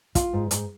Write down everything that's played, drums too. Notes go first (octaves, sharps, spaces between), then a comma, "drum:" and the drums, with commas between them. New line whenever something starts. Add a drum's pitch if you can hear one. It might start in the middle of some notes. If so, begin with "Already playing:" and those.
F4, drum: kick, hi-hat
G#2
G#2, drum: hi-hat